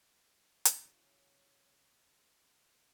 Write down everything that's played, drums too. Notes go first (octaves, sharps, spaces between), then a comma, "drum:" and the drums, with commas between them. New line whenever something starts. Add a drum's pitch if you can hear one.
drum: hi-hat
C#3 F#3 E4 C#5